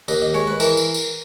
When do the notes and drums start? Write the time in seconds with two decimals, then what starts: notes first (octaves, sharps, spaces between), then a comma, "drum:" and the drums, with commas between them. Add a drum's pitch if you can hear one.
0.08 D#2 D#5, drum: tambourine
0.22 D#5
0.34 G#3 C#5
0.47 B4
0.60 E3 A#4, drum: tambourine
0.77 drum: tambourine
0.94 drum: tambourine